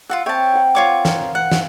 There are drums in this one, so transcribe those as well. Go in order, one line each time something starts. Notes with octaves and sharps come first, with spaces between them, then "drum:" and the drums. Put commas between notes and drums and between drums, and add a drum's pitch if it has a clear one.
F4 F#4 F#5 E6
C4 C#5 E5 G5 A5
F#5 A#5
F4 C#5 D6
A#4 F5, drum: snare
F#5
drum: snare